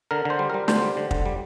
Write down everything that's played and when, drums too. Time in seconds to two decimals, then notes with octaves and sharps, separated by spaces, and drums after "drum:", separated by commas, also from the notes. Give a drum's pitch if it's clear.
0.11 D3 A#4
0.25 D3 C5
0.39 G3
0.50 G3 A#4
0.68 D3 C5, drum: snare
0.82 G3
0.97 D3
1.11 D3, drum: kick
1.26 G3